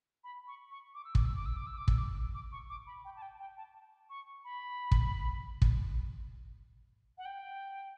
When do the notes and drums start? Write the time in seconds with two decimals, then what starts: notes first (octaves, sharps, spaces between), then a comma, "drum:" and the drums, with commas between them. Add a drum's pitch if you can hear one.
0.24 B5
0.48 C#6
0.71 C#6
0.94 D6
1.05 E6
1.15 D6, drum: kick
1.25 E6
1.36 D6
1.46 E6
1.57 D6
1.67 E6
1.77 D6
1.88 E6, drum: kick
1.98 D6
2.34 D6
2.52 C#6
2.70 D6
2.87 B5
3.05 G5
3.16 A5
3.22 G5
3.40 G5
3.57 A5
4.10 C#6
4.45 B5
4.91 drum: kick
5.62 drum: kick
7.18 F#5
7.25 G5